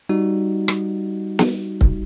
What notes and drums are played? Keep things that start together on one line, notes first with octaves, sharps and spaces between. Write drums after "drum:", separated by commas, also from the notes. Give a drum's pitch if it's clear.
G3 D#4 F#4
drum: rim click
drum: snare
drum: kick C#1